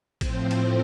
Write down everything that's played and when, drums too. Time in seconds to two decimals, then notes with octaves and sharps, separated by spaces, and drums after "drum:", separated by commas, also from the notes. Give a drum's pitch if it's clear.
0.21 A2 F3 C4 C5, drum: kick A1, cymbal
0.51 drum: cymbal